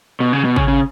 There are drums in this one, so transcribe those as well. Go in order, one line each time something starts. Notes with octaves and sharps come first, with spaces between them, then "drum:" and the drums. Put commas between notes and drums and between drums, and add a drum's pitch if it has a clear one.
B2
C#3
B2
C#3, drum: kick G#1
C#3